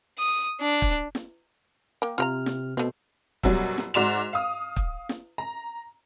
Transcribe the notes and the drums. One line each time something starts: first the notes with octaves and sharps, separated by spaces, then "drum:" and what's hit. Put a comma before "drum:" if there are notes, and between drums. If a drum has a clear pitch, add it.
D#6
D4
drum: kick
drum: snare
A#3 G5
C3 F4 G5 A#5 F6
drum: snare
B2 A3 C4
F#2 B2 F#3 G3, drum: kick
drum: snare
G#2 F#4 D5 C6 E7 F7
F5 D#6
drum: kick
drum: snare
A#5